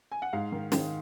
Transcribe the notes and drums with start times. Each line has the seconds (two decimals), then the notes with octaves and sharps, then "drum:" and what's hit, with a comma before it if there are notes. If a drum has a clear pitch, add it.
0.12 G#5
0.22 F#5
0.33 G#2 F5
0.52 D#3
0.72 D#3, drum: snare